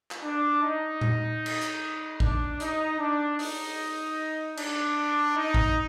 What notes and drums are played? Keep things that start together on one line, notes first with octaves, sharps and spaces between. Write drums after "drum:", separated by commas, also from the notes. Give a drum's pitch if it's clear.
drum: clap
D4
D#4
drum: tom A#2
drum: cymbal
drum: hi-hat
D4, drum: kick A1
D#4, drum: hi-hat
D4
D#4, drum: open hi-hat
D4, drum: cymbal
D#4
drum: kick A1